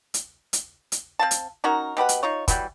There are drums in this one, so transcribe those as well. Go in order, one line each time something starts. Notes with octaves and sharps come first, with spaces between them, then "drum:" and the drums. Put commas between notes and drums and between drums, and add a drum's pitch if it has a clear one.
drum: hi-hat
drum: hi-hat
drum: hi-hat
C4 F5 A5
drum: hi-hat
C#4 D#4 F#4 A#4
B2 G4 B4 F#5
drum: hi-hat
D#4 F4 C#5
E3 F#3 G3, drum: kick, hi-hat